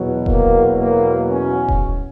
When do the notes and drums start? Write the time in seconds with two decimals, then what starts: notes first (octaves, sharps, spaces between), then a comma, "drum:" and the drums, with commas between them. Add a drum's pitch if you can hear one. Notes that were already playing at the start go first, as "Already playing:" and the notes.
Already playing: E2 B2 F#3
0.26 A#3, drum: kick D#1
0.78 A#3
1.30 C#4
1.68 drum: kick D#1